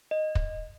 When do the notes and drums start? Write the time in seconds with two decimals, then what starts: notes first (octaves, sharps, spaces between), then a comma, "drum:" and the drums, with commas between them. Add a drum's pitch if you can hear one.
0.11 D#5
0.35 drum: kick